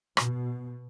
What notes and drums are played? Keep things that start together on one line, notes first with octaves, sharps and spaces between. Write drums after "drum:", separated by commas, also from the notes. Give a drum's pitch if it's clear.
B2, drum: rim click